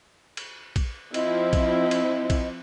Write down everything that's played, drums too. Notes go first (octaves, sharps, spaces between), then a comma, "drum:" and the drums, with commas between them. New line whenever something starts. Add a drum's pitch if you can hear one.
drum: cymbal
drum: kick A#1, cymbal
F3 C4 E4 D#5, drum: cymbal
drum: kick A#1, cymbal
drum: cymbal
drum: kick A#1, cymbal